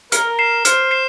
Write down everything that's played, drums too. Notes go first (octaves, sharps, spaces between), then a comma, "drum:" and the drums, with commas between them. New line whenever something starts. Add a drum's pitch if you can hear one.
A#4 F6, drum: hi-hat
C7 E7
C5 F6, drum: hi-hat
C7 E7